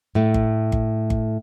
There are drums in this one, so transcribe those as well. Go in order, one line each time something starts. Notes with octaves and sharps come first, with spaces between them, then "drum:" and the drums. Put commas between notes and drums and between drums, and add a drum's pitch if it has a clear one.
A2 A3
drum: kick G1
drum: kick G1
drum: kick G1